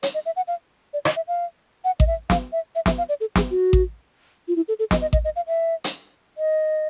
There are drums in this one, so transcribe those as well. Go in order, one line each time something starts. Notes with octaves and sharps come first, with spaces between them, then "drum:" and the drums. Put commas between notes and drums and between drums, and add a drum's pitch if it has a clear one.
C#5, drum: hi-hat
D#5
E5
F#5
F5
D5
D#5, drum: rim click
E5
F5
F#5
D#5, drum: kick A1
E5
F5, drum: snare
E5
E5
E5, drum: snare
F5
D5
A4
G#4, drum: snare
F#4
drum: kick A1
F4
E4
A4
A4
D#5, drum: snare
D#5
D#5, drum: kick A1
D#5
F5
E5
drum: hi-hat
D#5